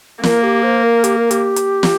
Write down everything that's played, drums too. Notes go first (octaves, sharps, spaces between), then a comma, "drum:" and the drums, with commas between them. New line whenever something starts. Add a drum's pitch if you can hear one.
A#3 A#4, drum: snare
G4
C5
A#4
G4, drum: hi-hat
A#4
G4, drum: hi-hat
drum: hi-hat
drum: snare